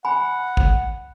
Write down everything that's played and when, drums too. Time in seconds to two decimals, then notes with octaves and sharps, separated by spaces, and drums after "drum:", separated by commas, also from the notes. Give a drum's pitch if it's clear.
0.05 F#5 G#5 B5
0.57 drum: kick